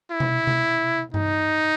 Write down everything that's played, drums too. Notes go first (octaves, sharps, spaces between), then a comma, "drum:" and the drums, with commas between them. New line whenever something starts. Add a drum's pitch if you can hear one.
E4
drum: tom B2
drum: tom B2
D#4, drum: tom G2